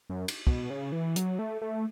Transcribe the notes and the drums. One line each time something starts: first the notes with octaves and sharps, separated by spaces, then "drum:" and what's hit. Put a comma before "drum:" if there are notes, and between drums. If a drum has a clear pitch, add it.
F#2
drum: cymbal
B2, drum: kick
C#3
E3
F#3, drum: hi-hat
A3
A3